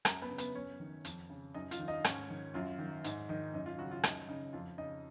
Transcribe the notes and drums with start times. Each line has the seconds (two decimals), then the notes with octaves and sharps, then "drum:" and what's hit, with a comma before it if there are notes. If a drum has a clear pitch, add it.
0.05 F#2 A#4 A#5, drum: rim click
0.22 B3 B4
0.30 C#3
0.38 B3 B4, drum: hi-hat
0.55 F#2 C#4 C#5
0.80 D#3
1.05 F2, drum: hi-hat
1.30 C#3
1.54 F#2 D#4 D#5
1.71 F4 F5, drum: hi-hat
1.79 D#3
1.88 D#4 D#5
2.04 G#2 C#4 C#5, drum: rim click
2.30 D#3
2.54 F#2 F4
2.79 D#3
3.04 G#2 D#4, drum: hi-hat
3.29 D#3 D#4
3.54 F#2 D#4
3.66 F4
3.78 C#3 F#3 F#4
3.91 F4
4.03 F#2 D#4, drum: rim click
4.29 C#3 D#4
4.53 F2 F4
4.78 C#3 D#4 D#5